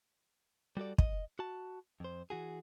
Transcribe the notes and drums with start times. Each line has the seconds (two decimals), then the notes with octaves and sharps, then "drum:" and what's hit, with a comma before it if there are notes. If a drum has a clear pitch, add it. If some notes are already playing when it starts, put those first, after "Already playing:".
0.77 G3 F#4 A4 D5
0.98 D#5, drum: kick
1.39 F#4 A5
2.00 F2 C5
2.30 E3 F#4 G#4